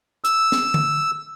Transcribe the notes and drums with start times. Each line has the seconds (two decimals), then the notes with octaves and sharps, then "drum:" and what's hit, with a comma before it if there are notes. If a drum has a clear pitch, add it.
0.24 E6, drum: hi-hat
0.52 drum: snare
0.74 drum: tom D3